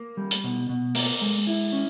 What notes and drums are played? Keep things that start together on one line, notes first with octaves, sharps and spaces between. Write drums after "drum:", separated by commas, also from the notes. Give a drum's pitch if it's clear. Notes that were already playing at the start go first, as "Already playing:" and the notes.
Already playing: A#3
G3
drum: hi-hat
B2
B2
A#3, drum: open hi-hat
G#3
E4
C#4